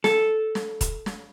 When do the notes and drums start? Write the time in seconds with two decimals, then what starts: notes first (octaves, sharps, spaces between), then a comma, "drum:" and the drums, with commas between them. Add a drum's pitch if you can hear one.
0.04 A4, drum: snare
0.55 drum: snare
0.81 drum: kick E1, hi-hat
1.06 drum: snare